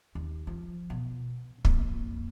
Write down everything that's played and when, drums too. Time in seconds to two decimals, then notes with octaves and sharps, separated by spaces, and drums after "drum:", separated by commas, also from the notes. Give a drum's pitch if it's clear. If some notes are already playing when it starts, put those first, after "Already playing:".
0.15 D#2
0.47 F3
0.90 B2
1.65 F2 A#3, drum: kick